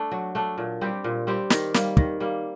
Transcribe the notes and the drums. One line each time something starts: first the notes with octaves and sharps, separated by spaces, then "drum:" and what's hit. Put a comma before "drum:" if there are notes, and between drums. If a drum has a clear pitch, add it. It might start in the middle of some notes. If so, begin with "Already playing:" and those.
Already playing: A3 D4
F#3
A3 D4
A#2
G3 C4 G4
A#2
G3 C4 G4
D#3, drum: snare
G3 A#3, drum: snare
D#3, drum: kick
G3 A#3